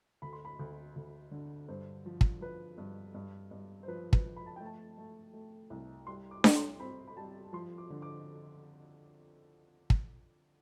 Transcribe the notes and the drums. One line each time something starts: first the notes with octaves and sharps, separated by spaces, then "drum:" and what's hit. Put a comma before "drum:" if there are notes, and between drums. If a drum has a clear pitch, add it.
D2 B5
C6
B5
D2
D2
D3
G2 C5
F3
drum: kick
F3 B4
G2
G2
G2
C5
F3 B4
B4, drum: kick
F3
B5
A5
A3 G5
A5
A3
A3
C2
G3 C6
D6
G3, drum: snare D4
C6
C4 B5
B5
G3 A5
F3 C6
D6
D3
D6
drum: kick